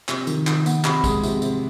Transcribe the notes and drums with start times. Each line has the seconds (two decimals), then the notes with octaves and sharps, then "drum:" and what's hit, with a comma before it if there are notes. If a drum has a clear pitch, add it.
0.09 C3, drum: clap
0.27 D#3, drum: tambourine
0.47 D#3, drum: clap
0.66 B3, drum: tambourine
0.85 C3 B5, drum: clap
1.04 G#3, drum: kick, tambourine
1.23 C3, drum: tambourine
1.42 C3, drum: tambourine